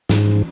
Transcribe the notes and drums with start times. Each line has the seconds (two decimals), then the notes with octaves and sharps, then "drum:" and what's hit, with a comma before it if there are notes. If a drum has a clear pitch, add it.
0.09 G#2, drum: snare